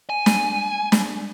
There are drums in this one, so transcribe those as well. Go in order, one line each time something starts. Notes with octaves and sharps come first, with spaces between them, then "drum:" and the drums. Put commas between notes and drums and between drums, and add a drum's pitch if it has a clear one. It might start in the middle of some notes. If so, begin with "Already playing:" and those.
G#5
drum: snare
drum: snare